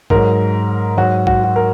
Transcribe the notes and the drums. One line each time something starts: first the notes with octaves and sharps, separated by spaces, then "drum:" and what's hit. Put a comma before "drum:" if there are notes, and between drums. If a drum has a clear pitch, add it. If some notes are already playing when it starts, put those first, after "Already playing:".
G#2 F#3 A#4, drum: kick A1
G#2 F#3 F#4
F#4, drum: kick A1
F#4
A#4